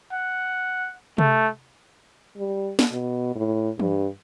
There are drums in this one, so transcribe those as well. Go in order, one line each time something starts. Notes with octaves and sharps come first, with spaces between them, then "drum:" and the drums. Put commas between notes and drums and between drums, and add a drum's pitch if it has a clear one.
F#5
A3, drum: tom C3
G3
drum: snare
B2
A2
G2, drum: tom E3